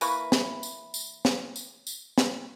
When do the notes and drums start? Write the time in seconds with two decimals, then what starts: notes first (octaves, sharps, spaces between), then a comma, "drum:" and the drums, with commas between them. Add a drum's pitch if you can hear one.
0.01 E3 A#3 B4 C#6, drum: tambourine
0.32 drum: snare
0.63 drum: tambourine
0.94 drum: tambourine
1.25 drum: snare
1.56 drum: tambourine
1.87 drum: tambourine
2.18 drum: snare